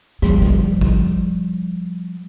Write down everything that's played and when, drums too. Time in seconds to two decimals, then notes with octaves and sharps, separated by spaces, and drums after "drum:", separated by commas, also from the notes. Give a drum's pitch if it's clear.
0.22 F3 G3, drum: rim click
0.42 drum: kick
0.81 drum: kick